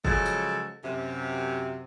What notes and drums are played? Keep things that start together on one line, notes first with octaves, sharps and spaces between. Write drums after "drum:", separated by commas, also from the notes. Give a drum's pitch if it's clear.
C#3 F3 F#3 G#3 A4, drum: kick G1
drum: tambourine
F#2 C3